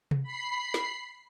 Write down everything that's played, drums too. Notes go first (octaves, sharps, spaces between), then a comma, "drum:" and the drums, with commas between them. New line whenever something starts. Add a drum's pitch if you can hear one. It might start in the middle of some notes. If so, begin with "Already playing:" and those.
drum: tom C3
B5 C7
drum: snare